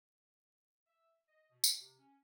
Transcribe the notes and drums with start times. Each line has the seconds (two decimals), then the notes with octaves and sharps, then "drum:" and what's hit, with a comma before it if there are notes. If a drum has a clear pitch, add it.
0.87 E5
1.28 D#5
1.50 B2
1.64 drum: tambourine
1.79 C3
1.98 C#4